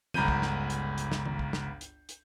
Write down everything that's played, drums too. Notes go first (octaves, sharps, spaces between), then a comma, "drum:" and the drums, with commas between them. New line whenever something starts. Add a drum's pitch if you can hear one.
G1 C#2 A#5 B5 G6 D#7, drum: tom D#3
drum: kick
drum: snare
drum: hi-hat
drum: hi-hat
drum: snare
drum: tom D#3
drum: kick
drum: snare
drum: hi-hat
drum: hi-hat